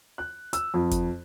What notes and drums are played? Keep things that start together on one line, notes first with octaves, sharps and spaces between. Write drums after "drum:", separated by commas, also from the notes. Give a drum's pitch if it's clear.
F#6
E6, drum: hi-hat
F2
drum: kick F#1, hi-hat